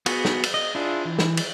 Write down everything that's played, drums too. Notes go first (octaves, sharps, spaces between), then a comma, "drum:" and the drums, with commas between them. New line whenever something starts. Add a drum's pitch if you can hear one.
B3 F#4 G#4, drum: cymbal
drum: snare
drum: cymbal
D#5
D4 E4 F4 G#4
E3
drum: snare
drum: cymbal